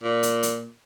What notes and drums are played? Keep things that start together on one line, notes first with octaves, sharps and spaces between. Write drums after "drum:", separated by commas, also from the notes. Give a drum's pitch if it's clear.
A#2
drum: hi-hat
drum: hi-hat